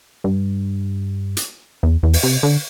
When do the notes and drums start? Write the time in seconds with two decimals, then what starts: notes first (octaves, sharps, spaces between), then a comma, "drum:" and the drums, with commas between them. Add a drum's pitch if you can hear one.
0.24 G2
1.37 drum: hi-hat
1.83 E2
2.03 E2
2.13 drum: open hi-hat
2.23 C3
2.43 D3